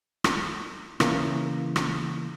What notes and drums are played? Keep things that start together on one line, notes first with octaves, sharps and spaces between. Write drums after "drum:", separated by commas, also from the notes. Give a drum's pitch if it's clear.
drum: rim click
C#3 E3 A#3, drum: rim click
drum: rim click